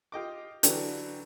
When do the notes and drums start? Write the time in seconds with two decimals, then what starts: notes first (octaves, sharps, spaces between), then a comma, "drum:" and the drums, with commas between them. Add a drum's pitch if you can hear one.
0.12 F4 G4 D#5 D6
0.63 D3 E3 F#3 D4 G4, drum: hi-hat